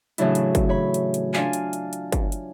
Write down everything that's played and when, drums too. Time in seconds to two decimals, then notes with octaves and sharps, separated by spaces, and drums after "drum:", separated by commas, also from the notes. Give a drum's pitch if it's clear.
0.18 A2 C#3 E3 F#3 D4 E4, drum: hi-hat
0.35 drum: hi-hat
0.55 drum: kick, hi-hat
0.69 C#5 B5
0.94 drum: hi-hat
1.14 drum: hi-hat
1.34 D4 F4 F5 G#5, drum: clap
1.53 drum: hi-hat
1.73 drum: hi-hat
1.93 drum: hi-hat
2.12 drum: kick, hi-hat
2.32 drum: hi-hat